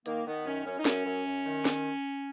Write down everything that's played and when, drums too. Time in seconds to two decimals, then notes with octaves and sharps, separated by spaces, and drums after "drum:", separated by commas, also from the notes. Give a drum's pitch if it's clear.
0.06 D#3 A#3, drum: hi-hat
0.26 D#3 B3
0.45 F#2 C#4
0.66 F#2 C#4
0.79 D#4
0.85 F#2 C#4, drum: snare
1.05 F#2
1.26 F#2
1.45 D#3
1.65 drum: snare